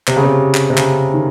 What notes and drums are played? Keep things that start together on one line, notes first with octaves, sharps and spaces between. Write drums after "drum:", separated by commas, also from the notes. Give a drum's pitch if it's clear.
C3, drum: clap
C#3
C3
drum: clap
C3
C#3, drum: clap
D#3